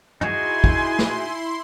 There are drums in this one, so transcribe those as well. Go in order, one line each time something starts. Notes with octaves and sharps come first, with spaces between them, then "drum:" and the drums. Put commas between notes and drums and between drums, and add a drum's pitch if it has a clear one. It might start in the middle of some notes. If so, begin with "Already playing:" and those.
D#4 E4 F#4 G#4 G#5 C6, drum: tom
drum: kick G#1
drum: snare